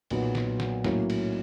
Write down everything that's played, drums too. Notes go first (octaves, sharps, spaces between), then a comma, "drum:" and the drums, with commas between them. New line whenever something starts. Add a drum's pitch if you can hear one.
B1 A#2 F#3 B3, drum: cymbal
drum: snare
drum: snare
A2 F#3 A#3 C#4 E4, drum: snare
drum: cymbal